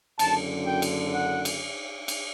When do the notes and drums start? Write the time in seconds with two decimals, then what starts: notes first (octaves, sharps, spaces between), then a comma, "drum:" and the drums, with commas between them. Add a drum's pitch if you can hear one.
0.19 F#1 F#2 D3 A5, drum: cymbal
0.66 G5
0.82 drum: cymbal
1.14 F#5
1.45 drum: cymbal
2.08 drum: cymbal